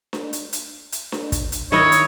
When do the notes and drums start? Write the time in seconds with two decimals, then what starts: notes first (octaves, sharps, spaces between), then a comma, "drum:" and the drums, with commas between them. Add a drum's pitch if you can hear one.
0.13 drum: snare D4
0.33 drum: hi-hat
0.53 drum: hi-hat
0.92 drum: hi-hat
1.12 drum: snare D4
1.32 drum: kick, hi-hat
1.52 drum: hi-hat
1.72 D#3 E4 C#5 D#5, drum: snare D4
1.92 drum: hi-hat